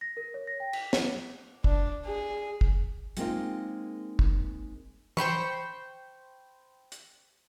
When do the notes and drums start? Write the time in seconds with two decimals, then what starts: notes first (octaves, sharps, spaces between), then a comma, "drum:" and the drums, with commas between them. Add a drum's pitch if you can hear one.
0.01 A#6
0.17 A#4
0.34 C#5
0.47 A#6
0.60 G5
0.73 B6, drum: cymbal
0.93 drum: snare
1.64 D4, drum: kick
2.06 G#4
2.61 drum: kick
3.17 G#3 A#3 C4 C#4 D#4 F4, drum: hi-hat
4.19 drum: kick
5.17 C5 G5 B5 C#6, drum: tom
6.92 drum: hi-hat